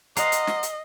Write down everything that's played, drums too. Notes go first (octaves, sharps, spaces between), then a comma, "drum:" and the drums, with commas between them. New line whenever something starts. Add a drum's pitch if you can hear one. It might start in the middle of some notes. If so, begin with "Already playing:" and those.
C5 D#5 F5 F#5 A#5, drum: hi-hat
drum: hi-hat
drum: snare
drum: hi-hat